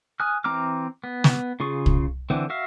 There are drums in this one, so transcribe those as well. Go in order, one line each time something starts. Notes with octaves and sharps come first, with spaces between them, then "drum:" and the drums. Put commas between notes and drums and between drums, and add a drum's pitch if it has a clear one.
G#5 D#6 F6 F#6
E3 C4 A#5 D6 F6
B3
drum: snare
C#3 F4 G#4 C#6
drum: kick
D3 E3 C4
F#4 E5 F5